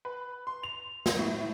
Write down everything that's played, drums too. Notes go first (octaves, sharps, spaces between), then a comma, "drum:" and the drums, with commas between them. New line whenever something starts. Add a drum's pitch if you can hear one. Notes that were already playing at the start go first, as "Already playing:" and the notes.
B4
C6
F7
drum: snare
A2